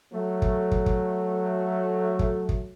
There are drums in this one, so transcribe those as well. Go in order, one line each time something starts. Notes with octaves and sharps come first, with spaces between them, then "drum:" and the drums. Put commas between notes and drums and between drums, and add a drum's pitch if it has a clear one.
F#3 A3
drum: kick
drum: kick
drum: kick
drum: kick
drum: kick